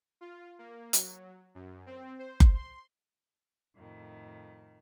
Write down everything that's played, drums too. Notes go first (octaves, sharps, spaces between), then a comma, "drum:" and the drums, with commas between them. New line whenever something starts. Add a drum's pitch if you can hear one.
F4
A#3
F#3, drum: hi-hat
F#2
C4
C5
drum: kick F#1
C6
F2 A2 D#3